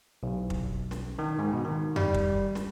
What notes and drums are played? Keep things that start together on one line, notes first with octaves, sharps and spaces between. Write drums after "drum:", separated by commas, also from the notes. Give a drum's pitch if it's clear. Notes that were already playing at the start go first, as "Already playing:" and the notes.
B1
drum: kick
drum: snare
D#3
G#2
B2
D#3
G3, drum: tom F2
drum: kick
drum: snare